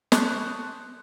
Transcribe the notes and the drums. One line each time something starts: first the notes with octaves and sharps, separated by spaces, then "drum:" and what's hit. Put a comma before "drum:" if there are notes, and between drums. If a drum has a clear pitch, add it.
A5 C6 C#6 D#6 F#6 G6, drum: snare